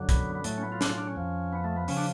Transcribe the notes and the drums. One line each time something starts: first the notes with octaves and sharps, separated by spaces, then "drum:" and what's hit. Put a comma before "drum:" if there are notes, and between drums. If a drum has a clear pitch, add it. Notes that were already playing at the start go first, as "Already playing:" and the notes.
Already playing: F#2 D3 F#3
B3, drum: kick, hi-hat
B3
A2 F#3 A3, drum: hi-hat
C#4
B3
F4
D4, drum: snare
F4
D4
C#4
F2 F3
B3
A3
B3
C#3 F3 C#4, drum: open hi-hat
D4